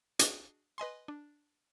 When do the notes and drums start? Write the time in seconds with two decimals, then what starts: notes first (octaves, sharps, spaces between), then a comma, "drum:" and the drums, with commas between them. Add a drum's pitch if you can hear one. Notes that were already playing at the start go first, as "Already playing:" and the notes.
0.19 D4 F#4 G#4 D#5, drum: hi-hat
0.78 B4 D#5 G#5 C6
1.08 D4